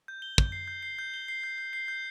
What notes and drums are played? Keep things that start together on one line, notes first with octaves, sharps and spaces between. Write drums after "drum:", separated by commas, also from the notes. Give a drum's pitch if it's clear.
G6
G7
G6, drum: kick
C7
G6
C7
G6
G7
C7
G6
G6
C7
G6